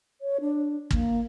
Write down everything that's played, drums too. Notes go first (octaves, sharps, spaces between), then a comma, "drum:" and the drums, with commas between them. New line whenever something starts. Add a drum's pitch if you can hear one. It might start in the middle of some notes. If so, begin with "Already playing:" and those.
C#5
D4
A#3, drum: kick